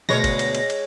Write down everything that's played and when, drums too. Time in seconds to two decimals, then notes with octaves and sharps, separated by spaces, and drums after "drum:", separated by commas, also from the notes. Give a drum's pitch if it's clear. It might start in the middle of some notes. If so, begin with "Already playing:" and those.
0.09 D2 B2 G#3 C#5 A#6, drum: snare
0.24 drum: kick, cymbal
0.39 drum: cymbal
0.55 drum: cymbal
0.70 drum: cymbal